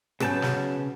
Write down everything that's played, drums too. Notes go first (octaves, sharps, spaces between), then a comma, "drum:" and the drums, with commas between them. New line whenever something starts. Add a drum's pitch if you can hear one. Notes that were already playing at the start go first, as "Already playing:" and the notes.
C#3 F#3 B3 C#4 A5 G6, drum: rim click
drum: snare